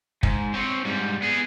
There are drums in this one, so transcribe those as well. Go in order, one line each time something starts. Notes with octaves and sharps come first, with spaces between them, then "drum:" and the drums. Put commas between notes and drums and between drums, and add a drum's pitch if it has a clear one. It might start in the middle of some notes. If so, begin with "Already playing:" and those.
G#2, drum: kick
C4 C#5
G#2 G3
B3 G#4